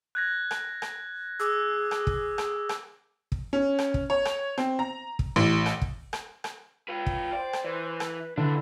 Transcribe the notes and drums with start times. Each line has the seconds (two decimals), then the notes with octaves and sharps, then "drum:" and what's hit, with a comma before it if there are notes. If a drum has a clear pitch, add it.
0.15 F#6 G#6 A#6
0.51 drum: rim click
0.82 drum: rim click
1.40 G#4 D6 E6
1.91 drum: rim click
2.07 drum: kick
2.38 drum: rim click
2.69 drum: rim click
3.32 drum: kick
3.53 C#4
3.79 drum: rim click
3.94 drum: kick
4.10 C#5
4.25 drum: rim click
4.58 C4, drum: rim click
4.79 A#5
5.19 drum: kick
5.36 A1
5.66 drum: rim click
5.82 drum: kick
6.13 drum: rim click
6.44 drum: rim click
6.89 F4 B4 G5
7.06 drum: kick
7.33 C5 D5
7.53 drum: rim click
7.64 E3 B4
8.00 drum: rim click
8.37 B1 D3 D4 E4 B4